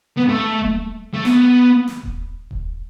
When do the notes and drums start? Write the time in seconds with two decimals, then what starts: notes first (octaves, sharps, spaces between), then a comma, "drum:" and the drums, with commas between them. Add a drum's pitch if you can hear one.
0.17 B3
0.29 A3
0.61 drum: kick D#1
1.14 A3
1.25 B3, drum: snare
1.87 drum: snare
2.03 drum: kick D#1
2.51 drum: kick D#1